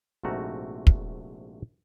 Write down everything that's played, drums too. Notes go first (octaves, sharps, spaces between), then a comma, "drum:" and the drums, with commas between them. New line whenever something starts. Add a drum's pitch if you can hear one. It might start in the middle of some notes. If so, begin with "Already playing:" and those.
A#1 G#2 C3 A3 F#4 A#5
drum: kick